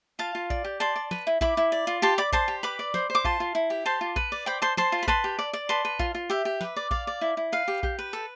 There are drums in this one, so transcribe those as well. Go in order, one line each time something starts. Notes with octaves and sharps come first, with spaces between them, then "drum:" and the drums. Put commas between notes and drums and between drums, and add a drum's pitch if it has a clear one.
F4 F5 A5
F4
D5, drum: kick A#1
G4
D5 A5 C6
D5
B4, drum: snare
E4
E4 B5 D6, drum: kick A#1
E4
D5
F4
G4 A5 C6
D5 B5 D6
C5 A5 C6, drum: kick A#1
G4
B4 B5 D6
D5
C5, drum: snare
C5
D6
F4 A5 C6, drum: kick A#1
F4
E4
G4
C5 A5 C6
F4
B4, drum: kick A#1
D5
C5 G5 B5
C5 A5 C6
C5 A5 C6, drum: snare
F4
B5
B4 A5 C6, drum: kick A#1
G4
D5
D5
B4 A5 C6
B4
F4, drum: kick A#1
F4
G4 E5
G4
B4, drum: snare
D5
D5 F5, drum: kick A#1
D5
E4
E4
B4 F5
G4
G4, drum: kick A#1
B4
A4